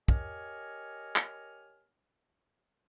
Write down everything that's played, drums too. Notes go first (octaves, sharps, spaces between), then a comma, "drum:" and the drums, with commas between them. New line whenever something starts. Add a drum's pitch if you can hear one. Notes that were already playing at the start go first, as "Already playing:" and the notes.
G4 A#4 C#5 D#5 G#5 F6, drum: kick
drum: clap